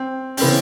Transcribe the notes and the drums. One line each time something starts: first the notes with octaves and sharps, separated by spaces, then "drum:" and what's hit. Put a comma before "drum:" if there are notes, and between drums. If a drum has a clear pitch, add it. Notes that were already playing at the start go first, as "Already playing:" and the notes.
Already playing: C4
C4, drum: open hi-hat
C#3 E3 B3